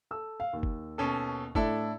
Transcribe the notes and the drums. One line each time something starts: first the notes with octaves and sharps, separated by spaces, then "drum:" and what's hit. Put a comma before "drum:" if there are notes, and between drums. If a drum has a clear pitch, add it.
A4 E6
F5
D#2
drum: kick F#1
B2 C#4 A4
A2 D4 E4 A4, drum: kick F#1